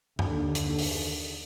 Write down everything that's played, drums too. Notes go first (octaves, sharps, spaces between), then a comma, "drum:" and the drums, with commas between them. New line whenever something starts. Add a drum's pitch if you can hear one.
D#2 D3, drum: tom F#2
drum: hi-hat
drum: open hi-hat